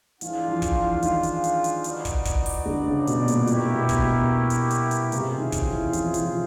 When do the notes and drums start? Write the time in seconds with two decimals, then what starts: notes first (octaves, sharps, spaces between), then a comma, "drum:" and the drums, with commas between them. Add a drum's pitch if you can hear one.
0.21 E3 D4 F4 G#4 C5 F5, drum: hi-hat
0.48 F3
0.62 drum: kick, hi-hat
0.75 E3
1.02 D#3, drum: hi-hat
1.23 drum: hi-hat
1.44 drum: hi-hat
1.64 drum: hi-hat
1.84 D#4 F#4 B4 D5, drum: hi-hat
2.05 drum: kick, hi-hat
2.25 drum: kick, hi-hat
2.46 drum: open hi-hat
2.66 D3
2.87 C#3
3.07 B2, drum: hi-hat
3.28 A#2, drum: hi-hat
3.47 B2 E4 G4 A#4 C#5 E5, drum: hi-hat
3.75 B2
3.89 drum: kick, hi-hat
4.02 B2
4.50 drum: hi-hat
4.71 drum: hi-hat
4.91 drum: hi-hat
5.12 C3 C#4 F4 G#4 C5, drum: hi-hat
5.38 D#3
5.52 drum: kick, hi-hat
5.66 E3
5.93 F3, drum: hi-hat
6.14 F3, drum: hi-hat